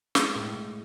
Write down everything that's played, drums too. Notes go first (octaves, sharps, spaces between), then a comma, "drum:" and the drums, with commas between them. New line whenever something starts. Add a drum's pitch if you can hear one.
G#3, drum: snare
A2
A2